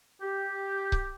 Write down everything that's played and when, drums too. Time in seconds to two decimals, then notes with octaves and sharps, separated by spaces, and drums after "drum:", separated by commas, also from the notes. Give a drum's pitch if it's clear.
0.21 G4
0.92 drum: kick C#1